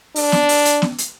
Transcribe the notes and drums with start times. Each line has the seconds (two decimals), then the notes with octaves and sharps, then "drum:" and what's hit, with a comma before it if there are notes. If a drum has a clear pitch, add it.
0.16 D4, drum: open hi-hat
0.32 drum: snare B3
0.49 drum: open hi-hat
0.65 drum: hi-hat
0.82 drum: snare B3
0.98 drum: hi-hat